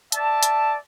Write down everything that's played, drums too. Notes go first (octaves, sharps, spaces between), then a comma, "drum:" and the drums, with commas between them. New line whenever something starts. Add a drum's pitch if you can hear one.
D5 E5 A5, drum: hi-hat
drum: hi-hat